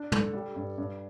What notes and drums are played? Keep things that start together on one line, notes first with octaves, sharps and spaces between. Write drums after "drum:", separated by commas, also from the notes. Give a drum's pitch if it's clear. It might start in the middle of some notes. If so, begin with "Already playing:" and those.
Already playing: D4
A4, drum: tom
G3
G2
G2